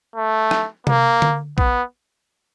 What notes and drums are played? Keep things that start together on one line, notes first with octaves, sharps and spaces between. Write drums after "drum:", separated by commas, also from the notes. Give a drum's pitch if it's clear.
A3
drum: rim click
A#3, drum: tom C3
drum: tom D3
B3, drum: kick